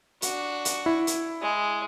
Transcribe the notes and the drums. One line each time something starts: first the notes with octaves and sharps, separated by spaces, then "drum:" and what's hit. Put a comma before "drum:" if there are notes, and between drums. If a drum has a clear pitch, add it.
D4 F#4, drum: hi-hat
drum: hi-hat
E4
drum: hi-hat
G#3